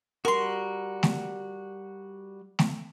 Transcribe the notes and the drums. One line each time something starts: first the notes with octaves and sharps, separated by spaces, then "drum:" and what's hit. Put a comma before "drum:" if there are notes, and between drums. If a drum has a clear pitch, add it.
G3 F#4 A#4 C6
drum: snare A3
drum: snare A3